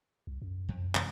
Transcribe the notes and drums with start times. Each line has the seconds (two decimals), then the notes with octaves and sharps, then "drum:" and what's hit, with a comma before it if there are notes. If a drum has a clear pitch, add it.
0.27 C2
0.42 F#2
0.69 F2
0.95 C3 E3 G#3, drum: clap